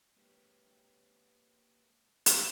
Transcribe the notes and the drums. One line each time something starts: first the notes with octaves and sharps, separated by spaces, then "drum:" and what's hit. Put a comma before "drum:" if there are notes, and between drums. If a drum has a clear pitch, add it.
G#3 A#3 G4 B4 C#5
drum: hi-hat